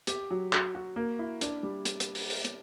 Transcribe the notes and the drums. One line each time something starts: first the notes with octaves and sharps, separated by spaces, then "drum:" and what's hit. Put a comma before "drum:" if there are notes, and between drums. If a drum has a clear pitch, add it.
G4, drum: hi-hat
F#3
F#4, drum: clap
F#4
A#3
E4
D4, drum: hi-hat
G3
drum: hi-hat
drum: hi-hat
drum: open hi-hat
drum: open hi-hat
drum: hi-hat